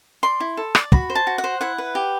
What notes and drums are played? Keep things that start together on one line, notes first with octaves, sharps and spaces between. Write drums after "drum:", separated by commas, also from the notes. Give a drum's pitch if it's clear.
D5 C6
E4
A4
D5, drum: rim click
F#4 B5, drum: kick
C5
A5
F#4
F#5
C5
E4 F#5
B4
G4